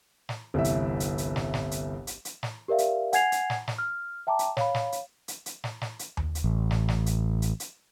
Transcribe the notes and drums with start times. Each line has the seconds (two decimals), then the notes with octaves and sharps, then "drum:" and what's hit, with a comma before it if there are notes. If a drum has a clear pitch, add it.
0.29 drum: snare
0.54 G1 C2 E3 E5
0.64 drum: hi-hat
1.00 drum: hi-hat
1.18 drum: hi-hat
1.36 drum: snare
1.54 drum: snare
1.71 drum: hi-hat
2.07 drum: hi-hat
2.25 drum: hi-hat
2.43 drum: snare
2.68 G4 A#4 D5 E5 F5
2.78 drum: hi-hat
3.13 F#5 G#5 G#6 C7 F7, drum: hi-hat
3.32 drum: hi-hat
3.50 drum: snare
3.68 drum: snare
3.78 F6
4.27 E5 G5 A5 A#5 D6
4.39 drum: hi-hat
4.57 C#5 F5 B5, drum: snare
4.75 drum: snare
4.92 drum: hi-hat
5.28 drum: hi-hat
5.46 drum: hi-hat
5.64 drum: snare
5.81 drum: snare
5.99 drum: hi-hat
6.17 drum: tom D#2
6.35 drum: hi-hat
6.44 A1
6.71 drum: snare
6.88 drum: snare
7.06 drum: hi-hat
7.42 drum: hi-hat
7.60 drum: hi-hat